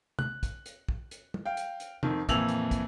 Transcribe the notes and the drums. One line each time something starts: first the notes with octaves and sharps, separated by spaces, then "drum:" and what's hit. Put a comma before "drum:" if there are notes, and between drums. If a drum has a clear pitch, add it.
F#6, drum: tom
drum: kick, hi-hat
drum: hi-hat
drum: kick
drum: hi-hat
drum: tom
F5 G5
drum: hi-hat
drum: hi-hat
F2 D#3, drum: tom
F2 A#2 E3 E6 F7 F#7, drum: kick, hi-hat
drum: hi-hat
drum: kick, hi-hat